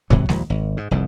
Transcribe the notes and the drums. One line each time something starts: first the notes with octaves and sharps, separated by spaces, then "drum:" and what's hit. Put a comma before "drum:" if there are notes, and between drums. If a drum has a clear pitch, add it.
G#2 C3 E3 F#3, drum: kick
A#1 D#2 A#2, drum: snare G#3
G#1
G#2
F1 C2 G#2